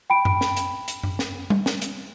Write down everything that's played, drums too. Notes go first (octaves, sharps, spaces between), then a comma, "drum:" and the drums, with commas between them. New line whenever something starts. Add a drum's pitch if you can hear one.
G5 B5 D7
drum: tom F#2
drum: snare
drum: hi-hat
drum: hi-hat
drum: tom F#2
drum: snare
drum: tom G3
drum: snare
drum: hi-hat